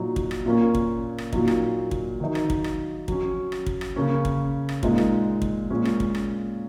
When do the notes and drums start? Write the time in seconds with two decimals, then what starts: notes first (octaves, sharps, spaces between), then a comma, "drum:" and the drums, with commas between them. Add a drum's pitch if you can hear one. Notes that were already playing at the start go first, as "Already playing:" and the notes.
Already playing: A#2 F#3 D#4
0.16 drum: kick
0.31 drum: rim click
0.46 A#2 A#3 C#4
0.75 drum: kick
1.18 drum: rim click
1.33 A#2 F#3 D#4, drum: kick
1.48 drum: rim click
1.91 drum: kick
2.20 D#3 F#3 D#4
2.35 drum: rim click
2.50 drum: kick
2.64 drum: rim click
3.08 F#3 C#4, drum: kick
3.52 drum: rim click
3.66 drum: kick
3.81 drum: rim click
3.96 C#3 A#3 C#4
4.25 drum: kick
4.69 drum: rim click
4.83 A#2 G#3 D#4, drum: kick
4.98 drum: rim click
5.42 drum: kick
5.70 A#2 G#3 C#4
5.85 drum: rim click
6.00 drum: kick
6.15 drum: rim click